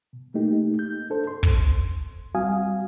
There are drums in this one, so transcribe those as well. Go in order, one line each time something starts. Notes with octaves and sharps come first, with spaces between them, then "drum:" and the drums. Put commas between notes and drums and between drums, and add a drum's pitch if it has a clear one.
B2
A3 A#3 D#4 G4
G6
D4 A4 C5
C6
drum: kick
G3 C4 F#4 F5 G#5 D#6